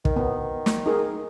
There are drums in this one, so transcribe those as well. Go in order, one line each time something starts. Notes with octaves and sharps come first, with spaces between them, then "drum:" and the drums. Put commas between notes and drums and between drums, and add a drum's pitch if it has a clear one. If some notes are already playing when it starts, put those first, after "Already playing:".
D#3, drum: kick
B3
drum: snare
D#4 G#4 A#4